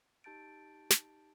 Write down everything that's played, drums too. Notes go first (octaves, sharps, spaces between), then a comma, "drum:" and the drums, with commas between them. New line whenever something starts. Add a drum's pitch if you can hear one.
D#4 G4 A5 G6 A6 D7
drum: snare